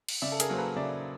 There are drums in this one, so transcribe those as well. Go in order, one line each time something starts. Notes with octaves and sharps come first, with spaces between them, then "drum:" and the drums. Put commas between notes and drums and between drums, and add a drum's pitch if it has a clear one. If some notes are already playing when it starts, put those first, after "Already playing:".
drum: cymbal
C#3 D5 E5
A4
G#4 A#4, drum: hi-hat
F#3 A#3 C5
A4 B4
C#3 D5 E5